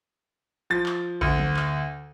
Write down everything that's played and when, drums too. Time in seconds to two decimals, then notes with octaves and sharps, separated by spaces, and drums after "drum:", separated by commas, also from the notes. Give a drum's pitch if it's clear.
0.70 F3 A6
0.86 drum: clap
1.21 D2, drum: kick A#1
1.39 drum: tom
1.56 drum: clap